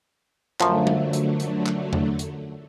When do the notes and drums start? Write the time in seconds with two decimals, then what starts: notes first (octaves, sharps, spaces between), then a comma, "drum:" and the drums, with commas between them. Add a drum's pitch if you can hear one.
0.60 F#2 D3 F3 F#3 A3, drum: clap
0.87 drum: tom G3
1.13 drum: hi-hat
1.40 drum: hi-hat
1.66 drum: clap
1.93 drum: tom E2
2.19 drum: hi-hat